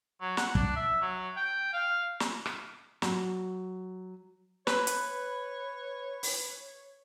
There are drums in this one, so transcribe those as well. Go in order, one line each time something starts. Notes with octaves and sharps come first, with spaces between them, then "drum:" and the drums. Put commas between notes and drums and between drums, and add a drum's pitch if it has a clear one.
F#3
F#5, drum: snare
D4, drum: kick
E5
F#3
G5
F5
drum: snare
drum: rim click
F#3, drum: snare
B4 C#5, drum: snare
drum: hi-hat
drum: open hi-hat